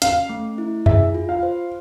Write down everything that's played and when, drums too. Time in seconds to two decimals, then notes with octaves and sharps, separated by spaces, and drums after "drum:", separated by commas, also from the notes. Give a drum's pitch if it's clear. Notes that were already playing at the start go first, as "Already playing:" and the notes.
0.02 C#4 F5, drum: hi-hat
0.29 A3
0.58 E4
0.86 G#4 E5, drum: tom F2
1.15 F4
1.29 F5
1.43 C5